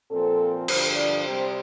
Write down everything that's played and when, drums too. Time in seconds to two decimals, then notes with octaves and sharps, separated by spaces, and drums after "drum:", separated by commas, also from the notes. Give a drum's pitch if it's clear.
0.10 A#2 F3 C4 A4
0.68 G2 D3 F3 C5, drum: cymbal
0.96 D5
1.25 C3 G3 C4 C5